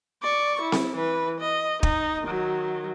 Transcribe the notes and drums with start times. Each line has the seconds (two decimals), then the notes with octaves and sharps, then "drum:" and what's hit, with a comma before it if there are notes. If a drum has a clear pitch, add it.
0.22 D5 C#6
0.61 E4
0.72 drum: snare C4
0.96 E3 B4
1.41 D#5
1.83 D#4, drum: kick
2.23 D#3 F#3